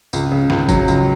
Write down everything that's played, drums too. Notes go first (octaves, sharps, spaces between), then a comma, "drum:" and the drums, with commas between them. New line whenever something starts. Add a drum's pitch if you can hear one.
C#2, drum: tambourine
C#3
C#2, drum: snare
F#3, drum: kick G1, tambourine
C#2, drum: tambourine